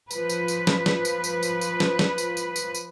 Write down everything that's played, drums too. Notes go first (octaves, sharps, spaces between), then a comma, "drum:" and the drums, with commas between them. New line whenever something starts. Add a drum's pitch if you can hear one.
F3 B4, drum: tambourine
drum: tambourine
drum: tambourine
drum: snare
drum: snare
drum: tambourine
drum: tambourine
drum: tambourine
drum: tambourine
drum: snare
drum: snare
drum: tambourine
drum: tambourine
drum: tambourine
drum: tambourine